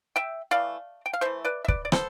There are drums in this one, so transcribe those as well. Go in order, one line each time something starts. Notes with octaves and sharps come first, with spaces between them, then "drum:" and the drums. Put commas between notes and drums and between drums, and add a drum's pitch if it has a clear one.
E5 G5
E3 A3 D5 F5
G5
F5
E3 A3 C5 E5
B4 D5
E5
B4 D5, drum: kick
D5
B3 A4 C5, drum: rim click